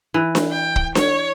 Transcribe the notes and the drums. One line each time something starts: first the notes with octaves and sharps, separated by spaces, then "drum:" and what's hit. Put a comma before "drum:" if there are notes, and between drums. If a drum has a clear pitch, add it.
E3
drum: snare D4
G5
drum: kick
C#5, drum: snare D4